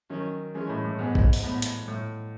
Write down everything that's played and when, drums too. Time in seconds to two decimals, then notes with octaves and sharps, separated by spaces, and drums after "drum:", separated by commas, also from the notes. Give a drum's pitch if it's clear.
0.10 D#3 F#3 C#4
0.55 E3 G#3 C#4
0.69 A2
0.84 A2
0.99 G#2 B3
1.15 drum: kick A#1
1.33 drum: open hi-hat
1.43 A2 B3
1.62 drum: hi-hat
1.88 A2